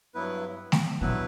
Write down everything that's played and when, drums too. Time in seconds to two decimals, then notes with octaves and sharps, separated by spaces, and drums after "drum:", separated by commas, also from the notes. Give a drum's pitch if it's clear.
0.15 G2 F#3 B3 E4 B4
0.72 drum: snare A3
1.01 G2 B2 F#3 B3 E4 B4